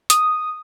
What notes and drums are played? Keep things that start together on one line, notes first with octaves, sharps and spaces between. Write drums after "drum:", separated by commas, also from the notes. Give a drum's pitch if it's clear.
D#6, drum: hi-hat